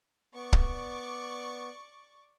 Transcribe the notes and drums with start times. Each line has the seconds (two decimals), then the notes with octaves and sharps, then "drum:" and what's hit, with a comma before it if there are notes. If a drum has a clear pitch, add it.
0.35 B3 D5 C#6 D6
0.53 drum: kick